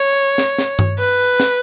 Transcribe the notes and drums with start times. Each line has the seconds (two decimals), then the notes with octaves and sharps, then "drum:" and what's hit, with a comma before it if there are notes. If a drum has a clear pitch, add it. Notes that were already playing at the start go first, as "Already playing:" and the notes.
Already playing: C#5
0.38 drum: snare
0.58 drum: snare
0.79 drum: tom G2
0.99 B4
1.40 drum: snare